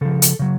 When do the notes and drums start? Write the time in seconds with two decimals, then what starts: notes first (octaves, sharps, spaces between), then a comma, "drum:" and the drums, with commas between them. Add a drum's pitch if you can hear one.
0.01 C#3 F3 A4
0.22 drum: hi-hat
0.39 C#3 F#3